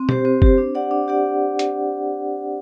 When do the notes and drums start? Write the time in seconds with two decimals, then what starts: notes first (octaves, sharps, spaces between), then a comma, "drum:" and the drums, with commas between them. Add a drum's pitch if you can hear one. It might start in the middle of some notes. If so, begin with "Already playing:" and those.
Already playing: C4
0.09 G4 C5, drum: tom B2
0.25 C4
0.42 G4 C5, drum: kick F#1
0.58 D4
0.75 G4 D5 F#5
0.91 D4
1.08 G4 D5 F#5
1.59 drum: hi-hat